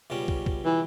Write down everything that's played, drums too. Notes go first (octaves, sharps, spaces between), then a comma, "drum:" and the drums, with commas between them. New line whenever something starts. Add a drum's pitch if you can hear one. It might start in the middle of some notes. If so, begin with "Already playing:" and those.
C#2 B2 G3 C#4
drum: kick
drum: kick
E3